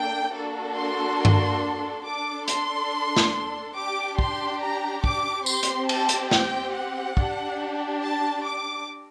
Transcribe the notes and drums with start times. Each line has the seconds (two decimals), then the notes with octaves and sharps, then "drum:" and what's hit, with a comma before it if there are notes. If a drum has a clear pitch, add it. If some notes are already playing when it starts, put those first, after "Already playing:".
Already playing: A#3 D4 A4 G5
0.34 A#3 D4 F#4 A4
0.76 C6
1.25 drum: tom G2
2.05 D4 A4 D6
2.48 C6, drum: hi-hat
3.17 drum: snare
3.76 D4 G4 D6
4.19 C6, drum: kick
4.61 A#5
5.04 D6, drum: kick
5.46 C4 G4 C6, drum: tambourine
5.63 drum: hi-hat
5.89 A5, drum: cymbal
6.09 drum: hi-hat
6.31 G5, drum: snare
6.74 F#5
7.17 D4 G4, drum: kick
8.02 A5
8.45 D6